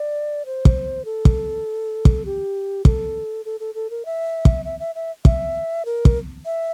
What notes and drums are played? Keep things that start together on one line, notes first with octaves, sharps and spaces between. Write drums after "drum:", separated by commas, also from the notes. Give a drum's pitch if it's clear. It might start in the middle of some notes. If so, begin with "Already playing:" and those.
Already playing: D5
C5
drum: kick
A4
drum: kick
drum: kick
G4
A4, drum: kick
A4
A4
A4
A#4
E5
drum: kick
E5
E5
E5
E5, drum: kick
A#4
drum: kick
E5